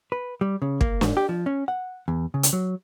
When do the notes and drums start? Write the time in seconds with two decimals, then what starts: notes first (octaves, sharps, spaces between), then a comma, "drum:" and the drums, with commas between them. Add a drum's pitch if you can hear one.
0.12 B4
0.41 G3
0.62 C#3
0.81 A#3, drum: kick
1.01 G#2, drum: snare
1.17 G4
1.29 F3
1.46 C#4
1.68 F#5
2.08 E2
2.34 C#3
2.43 drum: hi-hat
2.53 F#3